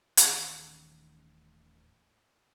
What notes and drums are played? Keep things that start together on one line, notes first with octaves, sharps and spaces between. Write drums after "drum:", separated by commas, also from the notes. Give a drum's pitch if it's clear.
D#1 A1 D#3 C#4, drum: hi-hat